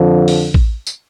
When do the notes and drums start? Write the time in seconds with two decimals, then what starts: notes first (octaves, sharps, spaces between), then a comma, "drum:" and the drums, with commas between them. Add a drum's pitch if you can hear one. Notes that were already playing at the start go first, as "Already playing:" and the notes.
Already playing: F2 D3 F3
0.28 drum: open hi-hat
0.54 drum: kick A1
0.87 drum: tambourine